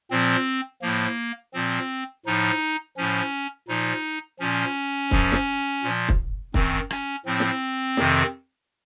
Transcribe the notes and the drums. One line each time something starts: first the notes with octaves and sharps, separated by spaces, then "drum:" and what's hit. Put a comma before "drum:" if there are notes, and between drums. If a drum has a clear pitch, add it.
A#2 F3 C4
A2 F3 A#3
A#2 F3 C4
A2 F3 D#4
A2 F3 C#4
A#2 F3 D#4
A#2 F3 C#4
F#2 F3, drum: kick
drum: snare
A#2 F3
drum: kick
F#2 D#3 C4, drum: kick
C#4, drum: rim click
A2 F3 C4
drum: snare
F2 C3 D#3, drum: snare